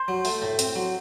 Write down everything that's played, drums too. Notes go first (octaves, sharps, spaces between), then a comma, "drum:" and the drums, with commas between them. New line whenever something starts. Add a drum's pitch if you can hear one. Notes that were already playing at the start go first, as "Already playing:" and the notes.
Already playing: C5
F#3
A3, drum: open hi-hat
A2
C4, drum: hi-hat
F#3